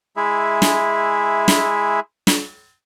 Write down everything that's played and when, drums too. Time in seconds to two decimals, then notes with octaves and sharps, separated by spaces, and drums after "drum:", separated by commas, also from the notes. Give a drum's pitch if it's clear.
0.16 G#3 E4 G#4 E5
0.62 drum: snare
1.48 drum: snare
2.27 drum: snare